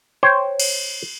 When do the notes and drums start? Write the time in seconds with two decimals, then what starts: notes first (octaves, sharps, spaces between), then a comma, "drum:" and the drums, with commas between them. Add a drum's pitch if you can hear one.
0.23 C5 C#5 G5
0.60 drum: cymbal